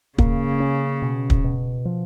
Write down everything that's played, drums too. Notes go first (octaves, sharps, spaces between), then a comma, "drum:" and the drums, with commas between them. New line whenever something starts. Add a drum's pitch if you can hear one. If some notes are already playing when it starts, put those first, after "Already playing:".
C#3 A#3, drum: kick
C#4
B2
drum: kick
B2
F3